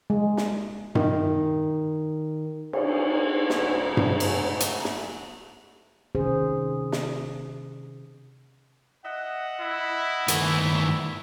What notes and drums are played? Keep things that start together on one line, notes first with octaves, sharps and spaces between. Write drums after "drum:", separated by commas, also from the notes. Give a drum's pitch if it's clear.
G#3
drum: snare
D#3, drum: tom G2
drum: cymbal
G#2 C#3 F#3 A3, drum: snare
drum: tom G2
drum: cymbal
drum: hi-hat
drum: snare
C3 D#3 C#4 G#4 C5
drum: snare
D#5 E5 F#5
E4
G2 D#3 A3 B4, drum: hi-hat